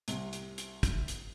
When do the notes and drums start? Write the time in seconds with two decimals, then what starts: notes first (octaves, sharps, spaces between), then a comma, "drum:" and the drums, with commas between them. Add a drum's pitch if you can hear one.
0.08 C2 C3, drum: hi-hat
0.33 drum: hi-hat
0.58 drum: hi-hat
0.83 drum: kick, hi-hat
1.08 drum: hi-hat